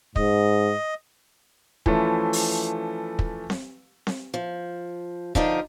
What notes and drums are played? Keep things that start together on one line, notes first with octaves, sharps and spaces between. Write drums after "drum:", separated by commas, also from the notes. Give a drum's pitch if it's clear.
G#2 D#5, drum: kick
E3 F3 A3 C#4 E4, drum: kick
drum: open hi-hat
drum: kick
drum: snare C4
drum: snare C4
F3
D3 F3 D4 D#4 A#4, drum: kick